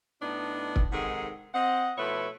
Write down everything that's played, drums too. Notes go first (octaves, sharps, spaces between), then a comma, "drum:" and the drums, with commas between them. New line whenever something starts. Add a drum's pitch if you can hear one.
A2 B3 D4 D#4
drum: kick
G#2 C3 D#3 G#4 A4 F#5
C4 D#5 F#5
B2 F3 A3 E4 B4 C#5